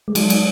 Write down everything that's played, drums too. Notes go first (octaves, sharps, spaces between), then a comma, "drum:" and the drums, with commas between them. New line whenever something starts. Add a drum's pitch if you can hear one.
G#3
F#3, drum: cymbal
drum: cymbal